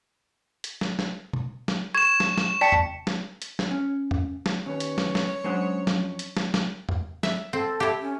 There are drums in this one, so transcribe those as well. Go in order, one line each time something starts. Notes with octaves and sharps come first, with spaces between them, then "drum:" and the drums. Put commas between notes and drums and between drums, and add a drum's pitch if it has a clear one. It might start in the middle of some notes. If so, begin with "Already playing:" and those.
drum: hi-hat
drum: snare
drum: snare
drum: tom B2
drum: snare
C#6 G#6 E7
drum: snare
drum: snare
D5 G5 A5 B6 C#7
drum: tom
drum: snare
drum: hi-hat
drum: snare
C#4
drum: tom
drum: snare
D#2 C#4 B4 C#5
drum: hi-hat
drum: snare
drum: snare
F#3 G#3 C#4 D4 C5 F#5
F2, drum: snare
drum: hi-hat
drum: snare
drum: snare
drum: tom
E5, drum: snare
C4 A4
E4 G4
C#4